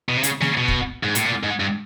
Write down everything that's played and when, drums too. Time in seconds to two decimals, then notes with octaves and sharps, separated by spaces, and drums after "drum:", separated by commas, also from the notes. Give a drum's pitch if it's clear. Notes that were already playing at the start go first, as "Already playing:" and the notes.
0.09 B2
0.17 C3
0.23 C#3, drum: hi-hat
0.41 C#3, drum: snare
0.57 B2
0.68 drum: kick
1.03 G#2
1.15 A2, drum: hi-hat
1.25 A#2
1.43 G#2
1.60 G2